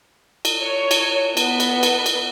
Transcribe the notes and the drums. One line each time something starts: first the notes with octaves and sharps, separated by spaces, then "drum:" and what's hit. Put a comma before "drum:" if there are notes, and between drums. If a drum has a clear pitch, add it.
drum: cymbal
C#5
drum: cymbal
B3, drum: cymbal
drum: cymbal
drum: cymbal
drum: cymbal